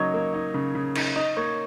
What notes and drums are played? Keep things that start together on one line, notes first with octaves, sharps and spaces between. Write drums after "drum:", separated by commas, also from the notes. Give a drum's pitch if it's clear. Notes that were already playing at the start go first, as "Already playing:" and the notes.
Already playing: C#3 F#3 A#3 D#4 C#5 D#5
A#3
D#4
C#3
C#3
D#4, drum: cymbal
D#4 D#5
A#3 C#5